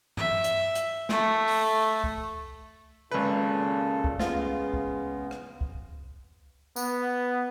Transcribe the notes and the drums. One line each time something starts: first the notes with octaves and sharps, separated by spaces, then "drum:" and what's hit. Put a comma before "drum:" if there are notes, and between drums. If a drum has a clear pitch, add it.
E5, drum: tom G2
drum: hi-hat
drum: hi-hat
A3, drum: snare
drum: open hi-hat
drum: kick
G#1 A#2 C#3 A4 B4
drum: kick
C#3 G#3 B3 F4, drum: snare
drum: kick
drum: rim click
drum: kick
B3, drum: tambourine